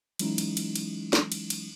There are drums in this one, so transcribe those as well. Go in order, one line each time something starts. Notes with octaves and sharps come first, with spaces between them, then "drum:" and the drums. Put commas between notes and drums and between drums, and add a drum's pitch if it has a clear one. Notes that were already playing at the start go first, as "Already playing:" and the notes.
E3 F#3 G#3 C#4 D#4 E4, drum: cymbal
drum: cymbal
drum: cymbal
drum: cymbal
drum: snare
drum: cymbal
drum: cymbal